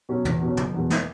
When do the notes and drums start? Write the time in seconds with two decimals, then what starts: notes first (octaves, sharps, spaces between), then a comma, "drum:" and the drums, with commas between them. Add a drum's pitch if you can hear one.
0.09 B2 F#3 C#4
0.25 E2, drum: tom
0.41 B2 F#3 C#4
0.57 F#1, drum: tom
0.74 E2 B2 G#3
0.90 drum: snare